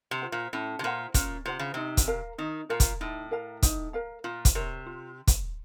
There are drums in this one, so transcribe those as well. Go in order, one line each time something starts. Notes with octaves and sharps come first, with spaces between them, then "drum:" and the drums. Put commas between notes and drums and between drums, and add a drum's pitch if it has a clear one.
C3
F4 C5 F#5
A#2
A2 C#4
C3
A#2 F4 C5 F#5
A#2 C#4, drum: kick, hi-hat
C3 F4 C5 F#5
C#3
C3 D#4
drum: kick, hi-hat
A#4 F5 A#5
D#3 D#4
A#2 A#4 F5 A#5
drum: kick, hi-hat
A2 D#4
A#4 F5 A#5
D#4, drum: kick, hi-hat
A#4 F5 A#5
A#2 F4
drum: kick, hi-hat
C3 A#4 C#5
F4
drum: kick, hi-hat